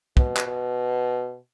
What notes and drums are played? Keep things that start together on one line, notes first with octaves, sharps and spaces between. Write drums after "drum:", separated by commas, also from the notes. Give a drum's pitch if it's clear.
B2, drum: kick
drum: clap
B2